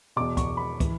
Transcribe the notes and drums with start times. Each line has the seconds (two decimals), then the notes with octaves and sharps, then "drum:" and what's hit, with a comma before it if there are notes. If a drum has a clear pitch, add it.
0.16 E2 B2 D6
0.37 C#6, drum: kick, hi-hat
0.57 B5
0.80 E3, drum: kick, hi-hat